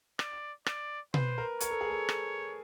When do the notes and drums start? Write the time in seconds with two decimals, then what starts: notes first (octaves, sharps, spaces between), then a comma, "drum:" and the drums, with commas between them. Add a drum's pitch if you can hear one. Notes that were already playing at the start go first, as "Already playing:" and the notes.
0.19 D5, drum: rim click
0.66 D5, drum: rim click
1.14 B4 C5, drum: tom B2
1.38 A#4
1.61 A#4 C#5, drum: hi-hat
1.70 A4
1.81 G#4
1.90 A4
2.09 drum: rim click